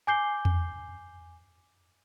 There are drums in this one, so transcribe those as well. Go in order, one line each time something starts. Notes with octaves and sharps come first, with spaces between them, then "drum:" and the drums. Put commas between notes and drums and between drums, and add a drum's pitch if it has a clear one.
G#5 D6 G6 C7 G7
drum: tom E2